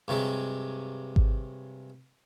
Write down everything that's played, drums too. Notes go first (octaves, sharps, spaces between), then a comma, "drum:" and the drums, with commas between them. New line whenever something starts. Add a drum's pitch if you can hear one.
G2 C3 F#3 G#3
drum: kick G#1